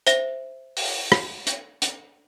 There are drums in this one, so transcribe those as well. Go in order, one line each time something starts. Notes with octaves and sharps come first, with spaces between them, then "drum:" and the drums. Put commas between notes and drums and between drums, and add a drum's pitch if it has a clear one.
C5 E5 A#6, drum: hi-hat
drum: open hi-hat
drum: rim click
drum: hi-hat
drum: hi-hat